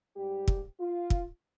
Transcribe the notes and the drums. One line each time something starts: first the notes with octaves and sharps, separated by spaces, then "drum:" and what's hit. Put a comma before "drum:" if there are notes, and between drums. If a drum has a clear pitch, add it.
G#2 G3 G4
drum: kick
F4
drum: kick